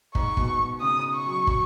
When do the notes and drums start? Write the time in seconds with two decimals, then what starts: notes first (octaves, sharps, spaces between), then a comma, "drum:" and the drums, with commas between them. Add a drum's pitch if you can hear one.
0.15 G#2 C#6, drum: kick
0.37 B2, drum: kick
0.59 B2
0.81 C#3 D#6
1.15 C#6
1.26 F#3
1.47 F#3, drum: kick